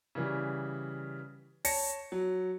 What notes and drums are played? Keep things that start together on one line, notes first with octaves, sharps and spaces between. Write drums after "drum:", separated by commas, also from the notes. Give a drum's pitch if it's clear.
C#3 E3 G3
C#5 A5 A#6 C#7, drum: open hi-hat
F#3